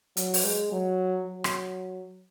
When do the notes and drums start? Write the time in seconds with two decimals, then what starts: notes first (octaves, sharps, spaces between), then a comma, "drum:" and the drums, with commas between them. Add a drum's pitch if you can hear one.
0.17 F#3, drum: hi-hat
0.34 drum: open hi-hat
0.44 G#3
0.72 F#3
1.28 F#3
1.44 drum: rim click